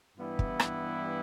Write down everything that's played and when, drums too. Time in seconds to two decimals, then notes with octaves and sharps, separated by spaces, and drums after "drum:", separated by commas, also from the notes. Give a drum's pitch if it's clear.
0.18 G2 E3 G3 B3 E4
0.39 drum: kick
0.60 drum: rim click